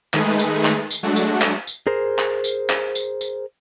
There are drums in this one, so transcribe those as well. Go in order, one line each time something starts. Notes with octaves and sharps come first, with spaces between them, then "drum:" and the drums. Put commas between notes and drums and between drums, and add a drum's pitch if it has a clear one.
D#3 G#3 A3 D#4 G#4 B4, drum: clap
drum: tambourine
drum: clap
drum: tambourine
F#3 G#3 A3 D4 F#4
drum: tambourine
drum: clap
drum: tambourine
G#4 A#4 C5
drum: clap
drum: tambourine
drum: clap
drum: tambourine
drum: tambourine